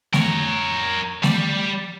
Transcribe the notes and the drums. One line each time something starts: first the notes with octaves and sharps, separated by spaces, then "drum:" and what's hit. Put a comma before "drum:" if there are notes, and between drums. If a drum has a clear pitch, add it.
A#4 C#5, drum: snare A3
G3 D5, drum: snare A3